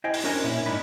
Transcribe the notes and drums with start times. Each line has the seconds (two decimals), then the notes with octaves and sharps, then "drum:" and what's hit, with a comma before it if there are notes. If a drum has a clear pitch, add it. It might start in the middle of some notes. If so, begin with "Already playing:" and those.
0.04 E4 C5 D#5 G5 G#5
0.14 drum: open hi-hat
0.24 C#4 D4 A#4 C5 G#5
0.44 A#2 C#4 E4
0.66 G#2 D4 D#4 B5